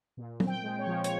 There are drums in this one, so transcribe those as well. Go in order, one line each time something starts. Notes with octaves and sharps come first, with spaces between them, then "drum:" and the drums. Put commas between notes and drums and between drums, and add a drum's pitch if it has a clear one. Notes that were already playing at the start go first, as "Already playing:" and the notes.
A#2
C4, drum: tom F#3
G5
G#3
C#5
F3
C#5, drum: hi-hat